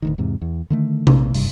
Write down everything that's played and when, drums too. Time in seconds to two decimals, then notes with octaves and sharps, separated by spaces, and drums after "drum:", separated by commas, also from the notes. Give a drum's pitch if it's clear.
0.02 D1 D2 D#3
0.18 E2 G#2 C3
0.41 E2
0.70 D3 D#3 A3
1.07 A#1 C3, drum: tom C3
1.34 F#1 G2, drum: open hi-hat